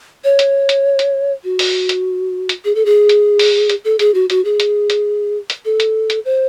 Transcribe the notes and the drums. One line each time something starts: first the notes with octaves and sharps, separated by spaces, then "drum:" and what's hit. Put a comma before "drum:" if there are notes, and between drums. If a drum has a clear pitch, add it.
C#5
drum: hi-hat
drum: hi-hat
drum: hi-hat
F#4
drum: open hi-hat
drum: hi-hat
drum: hi-hat
G#4
A4
G#4
drum: hi-hat
drum: open hi-hat
drum: hi-hat
A4
G#4, drum: hi-hat
F#4
F#4, drum: hi-hat
G#4
drum: hi-hat
drum: hi-hat
drum: hi-hat
A4
drum: hi-hat
drum: hi-hat
C5